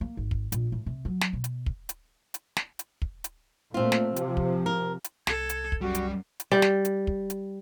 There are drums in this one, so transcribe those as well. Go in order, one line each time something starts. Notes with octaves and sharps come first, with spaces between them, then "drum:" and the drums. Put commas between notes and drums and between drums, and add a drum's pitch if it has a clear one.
A#3
G#1
drum: kick
A#1, drum: hi-hat
A2
C3
F#3
drum: snare
B2
drum: hi-hat
drum: kick
drum: hi-hat
drum: hi-hat
drum: snare
drum: hi-hat
drum: kick
drum: hi-hat
A#2 A3 C4 F4
drum: snare
C3 F3, drum: hi-hat
drum: kick
A#4
drum: hi-hat
C2 A4 G#6, drum: snare
drum: hi-hat
drum: kick
F#2 G3 F#4
drum: hi-hat
drum: hi-hat
G3
drum: snare
drum: hi-hat
drum: kick
drum: hi-hat